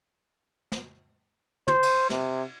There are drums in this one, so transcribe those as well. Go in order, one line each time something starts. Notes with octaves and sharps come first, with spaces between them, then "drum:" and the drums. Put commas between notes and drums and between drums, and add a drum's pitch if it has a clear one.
drum: snare
C5, drum: tom
drum: cymbal
C3, drum: snare